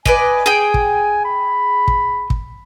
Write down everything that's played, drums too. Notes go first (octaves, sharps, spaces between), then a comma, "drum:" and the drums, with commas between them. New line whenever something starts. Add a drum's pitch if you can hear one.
B4 D5 D#5 G#5, drum: kick
G#4 G5
drum: kick
B5
drum: kick
drum: kick